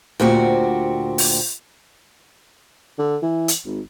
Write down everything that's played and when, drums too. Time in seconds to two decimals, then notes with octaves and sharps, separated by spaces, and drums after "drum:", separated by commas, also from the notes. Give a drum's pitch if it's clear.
0.20 D2 A#2 C4 F#4 G4
1.18 drum: open hi-hat
2.99 D3
3.22 E3
3.48 drum: hi-hat
3.65 G#1